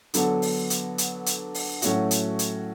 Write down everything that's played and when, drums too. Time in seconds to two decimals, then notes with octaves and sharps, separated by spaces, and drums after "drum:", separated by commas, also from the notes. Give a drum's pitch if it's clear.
0.14 D3 F#3 B3 D4 A4, drum: hi-hat
0.42 drum: open hi-hat
0.70 drum: hi-hat
0.98 drum: hi-hat
1.26 drum: hi-hat
1.54 drum: open hi-hat
1.82 A2 F#3 A3 C#4 F#4, drum: hi-hat
2.11 drum: hi-hat
2.39 drum: hi-hat